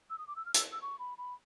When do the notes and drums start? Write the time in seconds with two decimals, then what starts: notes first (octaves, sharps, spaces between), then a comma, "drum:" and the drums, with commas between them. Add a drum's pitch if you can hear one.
0.10 E6
0.18 D#6
0.27 D6
0.36 E6
0.46 F6
0.54 E6, drum: hi-hat
0.72 E6
0.82 C#6
0.99 B5
1.18 B5